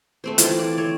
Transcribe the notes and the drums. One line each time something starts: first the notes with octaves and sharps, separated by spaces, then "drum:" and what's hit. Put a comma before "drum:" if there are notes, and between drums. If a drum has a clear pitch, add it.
A3 C4 C5
E3 F4, drum: hi-hat
D5
C4 C#5